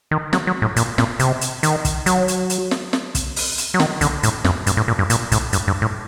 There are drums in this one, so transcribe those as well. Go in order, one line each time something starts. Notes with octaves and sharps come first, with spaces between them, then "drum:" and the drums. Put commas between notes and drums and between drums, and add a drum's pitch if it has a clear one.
D#3
F#3, drum: snare
F#3
A2
A#2, drum: hi-hat
A#2, drum: snare
C3, drum: hi-hat
drum: hi-hat
D#3, drum: hi-hat
drum: kick, hi-hat
F#3, drum: hi-hat
drum: hi-hat
drum: hi-hat
drum: snare
drum: snare
drum: kick, hi-hat
drum: open hi-hat
drum: hi-hat
F#3
D#3, drum: snare
D3, drum: kick, hi-hat
A2, drum: hi-hat
F#2, drum: snare
G2, drum: hi-hat
A2
A#2
G2
A#2, drum: hi-hat
A2, drum: kick, hi-hat
G2, drum: hi-hat
G2
A2